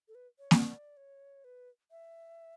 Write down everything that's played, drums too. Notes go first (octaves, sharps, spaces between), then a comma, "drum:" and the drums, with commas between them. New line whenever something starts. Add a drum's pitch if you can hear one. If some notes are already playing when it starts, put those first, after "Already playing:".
A4
B4
C#5
D5, drum: snare A#3
C#5
B4
E5